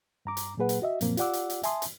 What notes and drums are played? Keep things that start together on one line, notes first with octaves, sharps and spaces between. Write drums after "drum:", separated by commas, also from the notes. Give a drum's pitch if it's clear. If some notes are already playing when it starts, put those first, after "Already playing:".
G2 A#5 D6
drum: hi-hat
A#2 F#3 A#3 G#4 B4 F#5
drum: hi-hat
F#4 D#5 E5
F#2 A#2 F3 A#3 C4, drum: hi-hat
F4 G4 D5 F#5 D6 E6, drum: hi-hat
drum: hi-hat
drum: hi-hat
E5 G#5 A5 C6 D#6, drum: hi-hat
drum: hi-hat